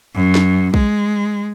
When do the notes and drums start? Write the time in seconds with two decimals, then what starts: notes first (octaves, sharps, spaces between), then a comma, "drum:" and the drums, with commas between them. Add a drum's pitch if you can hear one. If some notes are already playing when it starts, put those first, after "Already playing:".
0.14 F#2
0.35 drum: snare
0.74 G#3, drum: kick